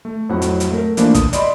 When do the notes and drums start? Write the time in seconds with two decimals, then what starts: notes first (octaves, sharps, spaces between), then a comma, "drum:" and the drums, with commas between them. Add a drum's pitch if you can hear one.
0.05 A3
0.29 F2 A2 F#3 E4 F#5
0.42 drum: hi-hat
0.60 drum: hi-hat
0.70 A3 A#4
0.97 E3 F3 A3 A#3 D4, drum: hi-hat
1.15 D#6, drum: kick, hi-hat
1.33 D5 D#5 B5 C6, drum: hi-hat